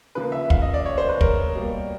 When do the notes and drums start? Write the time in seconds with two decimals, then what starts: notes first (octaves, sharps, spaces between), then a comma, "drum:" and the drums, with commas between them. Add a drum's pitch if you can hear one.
0.15 C#3 F3 A#3 B4
0.32 E5
0.50 F5, drum: kick
0.62 D#5
0.74 D5
0.86 C#5
0.98 C5
1.09 B4
1.21 A#4, drum: kick
1.55 B2 G3 A#3